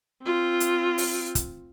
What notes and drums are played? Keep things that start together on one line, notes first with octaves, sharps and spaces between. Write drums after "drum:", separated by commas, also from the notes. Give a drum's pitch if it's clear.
C4 F4
drum: hi-hat
drum: open hi-hat
drum: kick, hi-hat